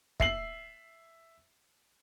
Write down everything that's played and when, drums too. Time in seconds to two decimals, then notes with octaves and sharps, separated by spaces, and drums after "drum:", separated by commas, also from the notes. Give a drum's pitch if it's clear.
0.20 E5 C7 F#7, drum: kick